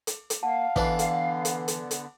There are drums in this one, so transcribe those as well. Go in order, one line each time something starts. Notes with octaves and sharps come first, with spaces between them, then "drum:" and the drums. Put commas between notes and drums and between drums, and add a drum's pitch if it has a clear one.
drum: hi-hat
drum: hi-hat
A#3 F5 F#5 A5
D3 E3 B3 D4, drum: kick
drum: hi-hat
drum: hi-hat
drum: hi-hat
drum: hi-hat